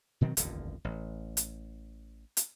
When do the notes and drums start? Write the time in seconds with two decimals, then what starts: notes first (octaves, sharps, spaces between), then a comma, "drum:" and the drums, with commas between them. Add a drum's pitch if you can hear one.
0.21 B2 D#3 F#3 C4
0.37 D#1 A1 F2 D3, drum: hi-hat
0.85 A1
1.37 drum: hi-hat
2.37 drum: hi-hat